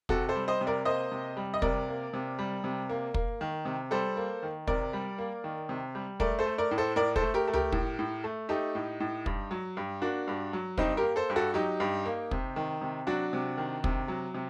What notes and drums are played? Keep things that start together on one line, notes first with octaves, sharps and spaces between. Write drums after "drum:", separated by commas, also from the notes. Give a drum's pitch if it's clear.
C3 F#4 A4, drum: kick
A4 C5
G3
C5 D#5
C3
A#4 D5
A#3 C5 D#5
C3
G3
D#5
C3 A#4 D5, drum: kick
A#3
C3
G3
C3
A#3
A#3, drum: kick
D#3
C3
G3 A4 C5
A#3
D#3
C3 A#4 D5, drum: kick
G3
A#3
D#3
C3
G3
A3 A#4 D5, drum: kick
A4 C5
A3
A#4 D5
A2
A4 C5
A2 A#4 D5
A4 C5, drum: kick
A3
G4 A#4
A3
G4 A#4, drum: tom C#2
A2, drum: kick
A2
A3
A3 D#4 G4
A2
A2
G2, drum: kick
F#3
G2
A#3 D4 F#4
G2
F#3
G2 C4 D#4, drum: kick
G4 A#4
A#3
A4 C5
G2
F#4 A4
F#3 D#4 G4
G2
A#3
C3, drum: kick
D#3
C3
F#3 D4 F#4
C3
D#3
C3, drum: kick
F#3
C3